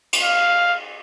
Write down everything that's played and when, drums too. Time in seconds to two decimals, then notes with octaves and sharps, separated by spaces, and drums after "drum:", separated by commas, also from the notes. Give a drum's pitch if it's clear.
0.13 drum: cymbal
0.23 F5